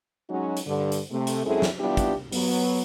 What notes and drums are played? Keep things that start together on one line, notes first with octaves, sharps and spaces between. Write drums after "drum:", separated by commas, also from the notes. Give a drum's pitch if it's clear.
F#3 G#3 C#4 D#4 F#4
drum: hi-hat
G2 D3
drum: hi-hat
C3 A3
drum: hi-hat
F#2 G#3 C4 E4 G#4 A4
drum: snare
G3 B3 D4 E4 F4 G4
drum: kick, hi-hat
F#3 B3, drum: open hi-hat